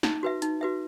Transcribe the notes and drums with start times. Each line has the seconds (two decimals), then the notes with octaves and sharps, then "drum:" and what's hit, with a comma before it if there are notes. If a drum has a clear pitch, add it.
0.03 D#4, drum: snare
0.23 F#4 B4 E5
0.42 D#4, drum: hi-hat
0.61 F#4 B4 E5